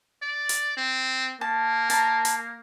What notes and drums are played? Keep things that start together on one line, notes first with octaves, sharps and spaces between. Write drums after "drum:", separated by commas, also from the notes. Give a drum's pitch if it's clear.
D5
drum: hi-hat
C4
A#3 A5
A5 A#5, drum: hi-hat
drum: hi-hat